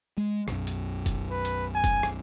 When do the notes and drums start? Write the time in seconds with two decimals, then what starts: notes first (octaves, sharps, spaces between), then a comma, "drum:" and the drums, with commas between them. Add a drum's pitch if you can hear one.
0.18 G#3
0.48 B1 F#2, drum: rim click
0.67 drum: hi-hat
1.06 drum: kick F1, hi-hat
1.31 B4
1.45 drum: hi-hat
1.75 G#5
1.84 drum: kick F1, hi-hat
2.03 drum: rim click